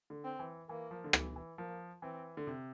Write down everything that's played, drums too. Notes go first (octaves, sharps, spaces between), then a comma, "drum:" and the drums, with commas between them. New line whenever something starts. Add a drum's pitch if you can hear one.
D3
C4
E3
E3 A#3
F3
D3
E3, drum: rim click
E3
F3 A#3
E3 C4
D3
C3